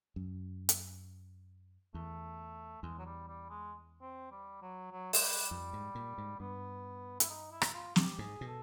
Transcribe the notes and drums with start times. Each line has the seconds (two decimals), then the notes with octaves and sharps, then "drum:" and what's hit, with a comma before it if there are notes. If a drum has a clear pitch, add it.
0.16 F#2
0.69 drum: hi-hat
1.94 E2 A3
2.83 E2 G#3
2.99 F#3
3.06 G3
3.29 G3
3.50 G#3
4.02 C4
4.31 G3
4.62 F#3
4.92 F#3
5.13 G#3, drum: open hi-hat
5.22 G3
5.51 F2
5.73 G#2
5.95 A#2
6.18 G#2
6.40 G2 B3
7.20 E4, drum: hi-hat
7.30 D#4
7.51 E4
7.62 drum: rim click
7.74 F4
7.96 G4, drum: snare
8.19 G#2 G#4
8.41 B2
8.48 A4